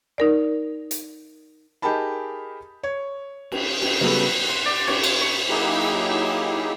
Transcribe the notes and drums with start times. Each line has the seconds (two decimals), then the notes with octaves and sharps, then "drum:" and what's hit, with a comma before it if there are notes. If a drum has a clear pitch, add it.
0.18 D#4 A#4 D5
0.91 drum: hi-hat
1.82 D#4 G4 G#4 A#4 A5 B5
2.83 C#5
3.52 drum: cymbal
3.81 drum: cymbal
4.01 C#3 F#3 G3 B3 A4 B4
4.49 C6
4.65 D5
4.87 C#5, drum: cymbal
5.03 drum: cymbal
5.21 C#6
5.49 F#3 A#3 D#4 E4 G4 G#4